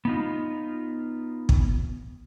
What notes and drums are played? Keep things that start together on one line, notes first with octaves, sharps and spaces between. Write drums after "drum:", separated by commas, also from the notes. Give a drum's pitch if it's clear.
B3 D#4 F4
drum: kick